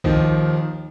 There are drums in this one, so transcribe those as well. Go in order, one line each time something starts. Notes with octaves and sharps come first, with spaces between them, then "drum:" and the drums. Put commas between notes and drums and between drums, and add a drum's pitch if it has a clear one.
D#2 D#3 F3, drum: kick